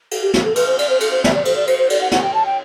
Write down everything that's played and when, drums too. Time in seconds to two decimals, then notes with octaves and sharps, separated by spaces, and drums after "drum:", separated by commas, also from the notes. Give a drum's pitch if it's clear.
0.11 drum: cymbal
0.22 G4
0.34 F#4, drum: snare
0.44 A4
0.56 B4, drum: cymbal
0.67 C5
0.78 D5, drum: cymbal
0.89 C5
1.00 A4, drum: cymbal
1.11 C5
1.24 E5, drum: snare
1.34 D5
1.45 C5, drum: cymbal
1.56 D5
1.67 C5, drum: cymbal
1.79 C5
1.90 D5, drum: cymbal
2.01 F#5
2.12 F#5, drum: snare
2.23 G5
2.34 A5
2.45 G5